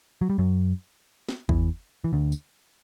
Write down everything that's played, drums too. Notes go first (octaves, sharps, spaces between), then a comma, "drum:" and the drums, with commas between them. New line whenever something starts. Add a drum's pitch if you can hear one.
F#3
G3
F#2 F#3
drum: snare
E2 E3, drum: kick
E3
D2 D3
drum: tambourine